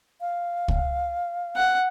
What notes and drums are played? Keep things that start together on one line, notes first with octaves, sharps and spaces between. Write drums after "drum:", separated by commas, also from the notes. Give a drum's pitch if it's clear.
F5
drum: kick
F#5